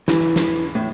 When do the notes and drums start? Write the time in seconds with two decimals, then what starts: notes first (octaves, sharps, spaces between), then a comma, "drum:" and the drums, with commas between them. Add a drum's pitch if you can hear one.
0.08 E3, drum: snare
0.36 drum: snare
0.75 A2